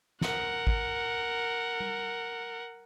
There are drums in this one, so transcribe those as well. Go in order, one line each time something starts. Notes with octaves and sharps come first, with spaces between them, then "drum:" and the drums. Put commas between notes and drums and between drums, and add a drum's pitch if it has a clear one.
A#4 F#5, drum: snare
drum: kick
drum: tom G3